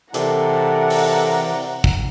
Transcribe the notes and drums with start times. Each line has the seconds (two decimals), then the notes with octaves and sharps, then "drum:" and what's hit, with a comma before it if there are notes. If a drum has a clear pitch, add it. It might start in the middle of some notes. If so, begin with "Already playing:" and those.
0.14 C3 E3 A4 A#4 D5 F#5 A#5, drum: hi-hat
0.90 drum: open hi-hat
1.84 drum: kick